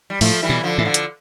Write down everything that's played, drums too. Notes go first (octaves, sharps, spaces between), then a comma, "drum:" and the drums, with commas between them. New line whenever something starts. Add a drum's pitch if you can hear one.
G3
A2 F3 A3, drum: open hi-hat
E3 G3
B2
D3 F3
A2 E3
D3 F3
drum: hi-hat